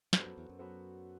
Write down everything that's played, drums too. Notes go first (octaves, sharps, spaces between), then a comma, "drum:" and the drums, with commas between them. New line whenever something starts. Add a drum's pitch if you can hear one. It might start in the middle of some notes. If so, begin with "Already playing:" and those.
G2 F#3 B3 F#4 A4 C5, drum: snare
F#2
E2
F#2
F#3 B3 F#4 A4 C5